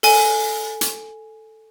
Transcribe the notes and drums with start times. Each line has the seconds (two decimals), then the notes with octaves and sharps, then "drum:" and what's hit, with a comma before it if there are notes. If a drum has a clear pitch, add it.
0.03 A4 G#5, drum: open hi-hat
0.81 drum: hi-hat